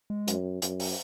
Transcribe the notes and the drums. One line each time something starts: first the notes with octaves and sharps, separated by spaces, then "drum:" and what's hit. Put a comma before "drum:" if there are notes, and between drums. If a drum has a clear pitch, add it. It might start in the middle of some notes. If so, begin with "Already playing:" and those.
G#3
F#2, drum: hi-hat
F#2, drum: hi-hat
drum: open hi-hat